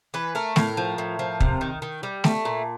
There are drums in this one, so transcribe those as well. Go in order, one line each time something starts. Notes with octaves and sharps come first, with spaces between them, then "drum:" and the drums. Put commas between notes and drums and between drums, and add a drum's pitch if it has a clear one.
E3 B4
A3 A#4
A2 A#4, drum: snare A3
F3
A2
F3
C3, drum: kick
D#3
D#3
G3
A3, drum: snare A3
A#2